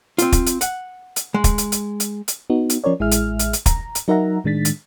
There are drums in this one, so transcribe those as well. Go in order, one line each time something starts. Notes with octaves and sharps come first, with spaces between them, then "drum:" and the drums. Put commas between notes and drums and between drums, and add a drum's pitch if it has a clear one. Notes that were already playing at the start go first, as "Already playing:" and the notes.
C4 F4, drum: hi-hat
drum: kick, hi-hat
drum: hi-hat
F#5, drum: hi-hat
drum: hi-hat
G#3
drum: kick, hi-hat
drum: hi-hat
drum: hi-hat
drum: hi-hat
drum: hi-hat
B3 D#4 F#4
drum: hi-hat
F3 C#4 A#4 C#5 D5
A1 G#3 E4 G#4 E5 F6
drum: hi-hat
drum: hi-hat
drum: hi-hat
A#5, drum: kick, hi-hat
drum: hi-hat
F#3 D#4 A#4 E5 F#5 A#5
A2 D#3 G#3 D4 A6 B6
drum: hi-hat